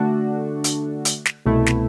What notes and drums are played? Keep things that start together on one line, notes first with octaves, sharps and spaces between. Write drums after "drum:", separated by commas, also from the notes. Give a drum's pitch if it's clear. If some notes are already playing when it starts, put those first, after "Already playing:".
Already playing: D3 A3 D4 F#4
drum: hi-hat
drum: hi-hat
drum: snare
C2 B2 A3 E4
drum: snare